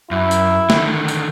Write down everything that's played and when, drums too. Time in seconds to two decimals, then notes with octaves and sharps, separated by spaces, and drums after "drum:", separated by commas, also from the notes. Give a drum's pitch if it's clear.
0.11 F#2 E4
0.31 drum: tambourine
0.70 D3 D#3, drum: snare
1.08 drum: tambourine